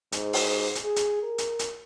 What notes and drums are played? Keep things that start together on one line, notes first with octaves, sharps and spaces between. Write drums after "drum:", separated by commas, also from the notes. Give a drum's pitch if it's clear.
G#2, drum: hi-hat
drum: open hi-hat
drum: hi-hat
G#4
drum: hi-hat
A#4
drum: hi-hat
drum: hi-hat